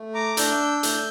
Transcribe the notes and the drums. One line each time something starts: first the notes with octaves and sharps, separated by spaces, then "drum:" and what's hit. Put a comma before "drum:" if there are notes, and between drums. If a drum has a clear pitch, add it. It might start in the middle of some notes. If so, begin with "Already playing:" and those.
Already playing: A3
A#5 D6
D4 E6 G6, drum: hi-hat
A3, drum: hi-hat